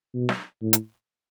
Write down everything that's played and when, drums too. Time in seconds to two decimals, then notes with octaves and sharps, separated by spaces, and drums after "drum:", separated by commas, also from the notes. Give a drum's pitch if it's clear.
0.14 B2
0.29 drum: snare
0.62 A2
0.73 drum: hi-hat